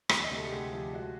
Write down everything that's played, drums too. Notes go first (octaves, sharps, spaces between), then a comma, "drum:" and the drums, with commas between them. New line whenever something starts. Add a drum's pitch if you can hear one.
D2 E5, drum: rim click
D#5
C3
A4
G4
D2 G#4
F3 G4
G#3 F#4